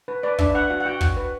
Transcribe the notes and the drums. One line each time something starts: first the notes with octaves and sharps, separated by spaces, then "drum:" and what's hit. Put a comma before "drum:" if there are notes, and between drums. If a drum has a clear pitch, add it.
B4
B4 D5
D4 E5, drum: kick
B4 F#5
F#4 F#5
F#5
F#4 G5
F#4 F#5, drum: kick
B4